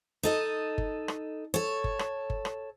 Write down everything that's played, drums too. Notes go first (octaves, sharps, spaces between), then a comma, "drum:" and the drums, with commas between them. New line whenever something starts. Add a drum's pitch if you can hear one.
D#4 A4 D#5
drum: kick G1
drum: rim click
A4 C#5
drum: kick G1
drum: rim click
drum: kick G1
drum: rim click